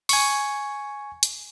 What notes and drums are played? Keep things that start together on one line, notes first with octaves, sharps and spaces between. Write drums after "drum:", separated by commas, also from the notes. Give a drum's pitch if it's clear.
G#5 C#6, drum: open hi-hat
drum: hi-hat